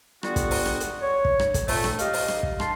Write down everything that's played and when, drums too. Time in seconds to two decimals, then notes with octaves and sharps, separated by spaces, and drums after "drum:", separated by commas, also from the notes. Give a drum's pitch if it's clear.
0.23 D3 G3 B3 F4 F#4, drum: rim click
0.36 drum: kick, hi-hat
0.51 drum: open hi-hat
0.66 drum: rim click
0.80 drum: hi-hat
1.02 C#5
1.25 drum: kick
1.39 drum: rim click
1.54 drum: kick, hi-hat
1.68 F2 A#2 A3, drum: open hi-hat
1.84 drum: rim click
1.99 G4 D#5 F5, drum: hi-hat
2.13 drum: open hi-hat
2.28 drum: rim click
2.43 drum: kick
2.60 A5 C6, drum: rim click